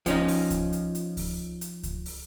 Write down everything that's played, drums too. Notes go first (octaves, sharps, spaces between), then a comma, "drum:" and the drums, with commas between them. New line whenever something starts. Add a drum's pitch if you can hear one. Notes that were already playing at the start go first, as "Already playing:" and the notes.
F3 C#4 D#4, drum: kick C#2, hi-hat
drum: open hi-hat
drum: kick C#2, hi-hat
drum: hi-hat
drum: hi-hat
drum: kick C#2, open hi-hat
drum: hi-hat
drum: kick C#2, hi-hat
drum: open hi-hat